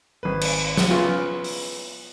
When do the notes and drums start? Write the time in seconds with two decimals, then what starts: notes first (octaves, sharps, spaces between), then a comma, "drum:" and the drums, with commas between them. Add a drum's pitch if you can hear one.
0.23 G#1 B4
0.41 drum: cymbal
0.77 drum: snare
0.90 C#3 E3 B3 F4
1.44 drum: open hi-hat